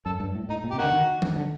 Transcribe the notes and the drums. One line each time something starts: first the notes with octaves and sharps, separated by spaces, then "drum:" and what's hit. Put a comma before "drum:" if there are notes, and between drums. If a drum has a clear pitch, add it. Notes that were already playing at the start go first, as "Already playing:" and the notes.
F#2 A4
G2
A2
A2 D#4
A#2
C3 G4
D3 A#3 D#4 F#4
D#3
D#3, drum: tom E3
D3